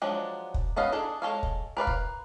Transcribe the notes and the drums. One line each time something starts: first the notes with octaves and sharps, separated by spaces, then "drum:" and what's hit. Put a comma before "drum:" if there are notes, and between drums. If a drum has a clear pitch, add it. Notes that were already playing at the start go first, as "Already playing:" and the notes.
F3 F#3 G#3 D4
drum: kick
B3 C#4 D#5 F5
D4 G#4 A4
G#3 A4 C#5 F5
drum: kick
A#4 B4 D5 F5
drum: kick